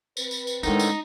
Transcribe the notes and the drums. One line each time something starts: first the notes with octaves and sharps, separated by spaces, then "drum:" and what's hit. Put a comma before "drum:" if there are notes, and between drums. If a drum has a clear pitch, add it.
C4 B4, drum: tambourine
drum: tambourine
drum: tambourine
A2 D3 D#3 G#3 C#4 D#4, drum: tambourine
drum: tambourine